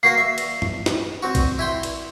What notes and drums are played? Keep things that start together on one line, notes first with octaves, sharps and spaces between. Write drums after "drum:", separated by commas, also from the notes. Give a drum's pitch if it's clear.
A#3 F#4 A#4 C7
E5
drum: cymbal
drum: tom
drum: snare
C4 F#4
drum: kick A#1, cymbal
E4 G5 C6
drum: cymbal